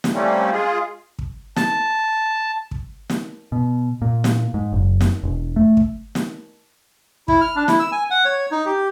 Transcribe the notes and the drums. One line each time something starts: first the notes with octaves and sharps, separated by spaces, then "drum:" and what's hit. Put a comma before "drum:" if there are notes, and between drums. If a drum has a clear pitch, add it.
drum: snare
G3 A3 A#3 C4 C#4
G#3 F4 G#4
drum: kick
A5, drum: snare
drum: kick
drum: snare
B2
A#2
drum: snare
G#2
F#1
drum: snare
E1
A3
drum: kick
drum: snare
E4, drum: kick
F6
D4
E4, drum: snare
E6
G#5
F#5
C#5
D#4
G4